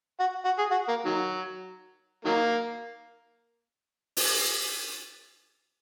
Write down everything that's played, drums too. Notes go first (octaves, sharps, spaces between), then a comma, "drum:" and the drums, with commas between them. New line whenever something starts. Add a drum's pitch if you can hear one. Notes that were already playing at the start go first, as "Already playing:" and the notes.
F#4
F#4
G#4
F#4
A#3
D#3 F#3
D#3 F#3 A#3
drum: open hi-hat